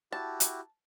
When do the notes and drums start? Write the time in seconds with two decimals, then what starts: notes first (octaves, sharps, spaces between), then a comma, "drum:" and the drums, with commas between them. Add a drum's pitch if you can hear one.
0.13 E4 F#4 G4 A5
0.40 drum: hi-hat